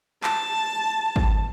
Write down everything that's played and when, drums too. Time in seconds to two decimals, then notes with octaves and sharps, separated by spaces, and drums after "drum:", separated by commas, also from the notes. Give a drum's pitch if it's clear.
0.24 A5, drum: clap
1.16 drum: kick